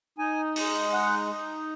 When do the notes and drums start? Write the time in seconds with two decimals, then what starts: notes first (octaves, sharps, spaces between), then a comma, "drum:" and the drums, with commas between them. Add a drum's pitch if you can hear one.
0.18 D#4 G#5
0.56 G#3, drum: open hi-hat
0.93 D#4 F#5
1.31 D#4